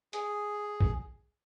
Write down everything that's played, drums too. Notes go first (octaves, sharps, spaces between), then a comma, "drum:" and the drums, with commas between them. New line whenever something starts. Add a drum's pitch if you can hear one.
G#4, drum: hi-hat
drum: kick